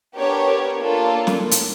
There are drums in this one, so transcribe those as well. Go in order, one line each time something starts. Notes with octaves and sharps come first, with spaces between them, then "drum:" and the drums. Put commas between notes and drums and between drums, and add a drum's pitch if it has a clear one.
B3 D4 G4 A#4 C#5
A#3 D4 F4 A4
drum: snare
drum: hi-hat